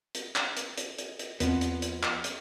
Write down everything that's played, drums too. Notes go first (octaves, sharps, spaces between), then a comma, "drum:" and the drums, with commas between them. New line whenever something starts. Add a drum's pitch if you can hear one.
drum: hi-hat
drum: clap
drum: hi-hat
drum: hi-hat
drum: hi-hat
drum: hi-hat
E2 F3 B3 C4, drum: hi-hat
drum: hi-hat
drum: hi-hat
drum: clap
drum: hi-hat